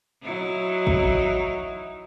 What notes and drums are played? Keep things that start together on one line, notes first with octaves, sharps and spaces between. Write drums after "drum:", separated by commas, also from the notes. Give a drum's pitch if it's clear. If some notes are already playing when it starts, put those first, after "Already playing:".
F#3 D#4 E4
drum: kick